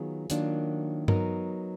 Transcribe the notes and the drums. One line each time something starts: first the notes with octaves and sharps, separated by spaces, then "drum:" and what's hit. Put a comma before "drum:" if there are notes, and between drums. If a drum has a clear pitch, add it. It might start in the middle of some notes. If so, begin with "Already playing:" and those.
Already playing: D#3 F#3 B3 F4 G#4
D#3 F#3 A#3 D4 F4, drum: hi-hat
F#3 B3 D#4 A#4, drum: tom G2